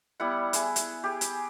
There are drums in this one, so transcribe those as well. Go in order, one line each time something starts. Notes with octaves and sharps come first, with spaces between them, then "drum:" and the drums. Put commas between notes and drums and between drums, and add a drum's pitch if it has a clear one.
G3 B3 E4 F#5
E4 G#4, drum: hi-hat
drum: hi-hat
G4 G#4
drum: hi-hat